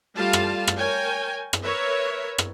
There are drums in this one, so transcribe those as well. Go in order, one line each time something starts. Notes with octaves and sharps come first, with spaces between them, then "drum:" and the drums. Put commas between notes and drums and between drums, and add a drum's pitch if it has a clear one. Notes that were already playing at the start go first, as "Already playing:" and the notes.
G3 A3 F4 F5 A5
drum: rim click
drum: rim click
A#4 C#5 G5 G#5
drum: rim click
A#4 B4 C#5 E5
drum: rim click